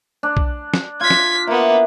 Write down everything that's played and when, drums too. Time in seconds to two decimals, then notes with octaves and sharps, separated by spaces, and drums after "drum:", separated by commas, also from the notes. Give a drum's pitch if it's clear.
0.23 D4
0.37 drum: kick B1
0.74 drum: snare
1.01 F4 G#6 B6
1.10 drum: snare
1.47 A#3 B3 E4